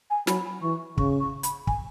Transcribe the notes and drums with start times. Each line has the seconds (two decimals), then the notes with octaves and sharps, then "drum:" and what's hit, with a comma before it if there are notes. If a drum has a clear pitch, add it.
0.10 G#5
0.27 F#3 B5, drum: snare
0.62 E3 C#6
0.98 C#3 C#6, drum: kick
1.20 C#6
1.43 B5, drum: hi-hat
1.67 G#5, drum: kick